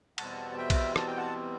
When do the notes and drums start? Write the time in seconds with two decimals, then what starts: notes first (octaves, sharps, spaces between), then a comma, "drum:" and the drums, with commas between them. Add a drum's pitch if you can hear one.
0.18 E2 B2 G3 C4 F#5 A5, drum: cymbal
0.51 A5
0.57 E5 G5
0.70 drum: kick B1, cymbal
0.96 A5, drum: rim click
1.07 G5
1.17 F#5 A5